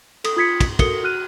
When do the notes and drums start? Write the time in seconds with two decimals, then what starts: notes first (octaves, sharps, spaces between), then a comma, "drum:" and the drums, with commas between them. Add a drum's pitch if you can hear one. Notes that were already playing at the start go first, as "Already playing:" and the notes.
0.24 A4 D#6, drum: cymbal
0.37 F4 D#6 G#6 B6 C#7
0.60 drum: kick, cymbal
0.79 F#4 A4 A#4 D#6 C#7 G7, drum: kick, cymbal
1.03 F#4 F6 F#6 D#7